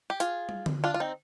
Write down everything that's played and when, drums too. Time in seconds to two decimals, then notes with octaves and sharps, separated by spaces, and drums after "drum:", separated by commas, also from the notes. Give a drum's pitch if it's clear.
0.10 G4
0.20 F4 G#4, drum: hi-hat
0.49 drum: tom
0.66 drum: tom D3
0.84 D4 F4
0.94 F4
1.00 C4 D#4